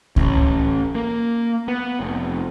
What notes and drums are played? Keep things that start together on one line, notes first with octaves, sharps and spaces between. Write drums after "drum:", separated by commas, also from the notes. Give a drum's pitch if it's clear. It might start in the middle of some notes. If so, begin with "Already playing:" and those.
A1, drum: kick C#2
A#3
B3
F1